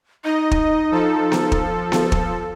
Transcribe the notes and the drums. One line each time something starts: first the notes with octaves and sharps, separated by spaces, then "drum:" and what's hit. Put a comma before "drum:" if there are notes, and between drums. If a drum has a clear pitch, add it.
D#4 D#5
drum: kick
F3 A4
drum: snare B3
drum: kick
drum: snare B3
drum: kick